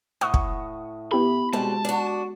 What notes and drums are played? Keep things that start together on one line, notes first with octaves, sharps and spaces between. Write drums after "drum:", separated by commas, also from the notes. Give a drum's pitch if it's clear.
A2 F#5 C#6 D#6
drum: kick
B3 E4 G4 B5
B2 G3 G#3 C4 A5
D4 F#4